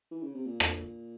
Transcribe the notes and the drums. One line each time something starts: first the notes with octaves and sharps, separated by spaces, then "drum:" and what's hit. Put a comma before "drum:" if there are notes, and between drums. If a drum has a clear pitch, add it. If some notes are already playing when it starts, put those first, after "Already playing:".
E3
C#3
C3
A#2
drum: rim click